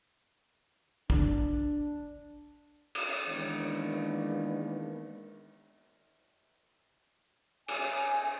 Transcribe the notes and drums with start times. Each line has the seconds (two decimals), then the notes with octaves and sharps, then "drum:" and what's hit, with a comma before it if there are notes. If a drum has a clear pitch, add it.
1.10 D4, drum: kick
2.95 drum: cymbal
3.28 D#3 E3 G#3 A#3 B3 D4
7.68 G#5, drum: cymbal